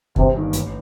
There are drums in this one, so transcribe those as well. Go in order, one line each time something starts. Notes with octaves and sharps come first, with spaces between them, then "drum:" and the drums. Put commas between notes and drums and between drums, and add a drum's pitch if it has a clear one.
G1 C3, drum: kick
G2 D#3 A#3
A1, drum: hi-hat